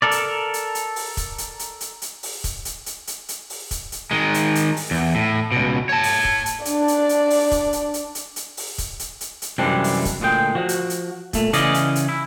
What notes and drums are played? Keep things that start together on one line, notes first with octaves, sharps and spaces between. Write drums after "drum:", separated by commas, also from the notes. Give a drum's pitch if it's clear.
A4 A#4 D5
drum: hi-hat
drum: hi-hat
drum: hi-hat
drum: open hi-hat
drum: kick, hi-hat
drum: hi-hat
drum: hi-hat
drum: hi-hat
drum: hi-hat
drum: open hi-hat
drum: kick, hi-hat
drum: hi-hat
drum: hi-hat
drum: hi-hat
drum: hi-hat
drum: open hi-hat
drum: kick, hi-hat
drum: hi-hat
D#3 G#3
drum: hi-hat
drum: hi-hat
drum: open hi-hat
E2
A2
C#2 B2
C#5 A5
drum: open hi-hat
drum: kick
drum: hi-hat
D4 D5, drum: hi-hat
drum: hi-hat
drum: hi-hat
drum: open hi-hat
drum: kick, hi-hat
drum: hi-hat
drum: hi-hat
drum: hi-hat
drum: hi-hat
drum: open hi-hat
drum: kick, hi-hat
drum: hi-hat
drum: hi-hat
drum: hi-hat
F#2 C3 E3 G3 G#3 D4
drum: open hi-hat
drum: kick, hi-hat
D2 A#2 G#3 G5
F3 F#4
drum: hi-hat
drum: hi-hat
A#2 A3, drum: kick, hi-hat
C#3 E3 C#4 G#4 D5 D#5, drum: hi-hat
drum: hi-hat
drum: hi-hat
E4